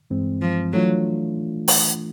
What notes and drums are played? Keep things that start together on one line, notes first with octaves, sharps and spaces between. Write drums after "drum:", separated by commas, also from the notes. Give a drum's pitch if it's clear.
G2 E3 G#3 C4
F3
E3 F#3 A3 D4 F4
drum: open hi-hat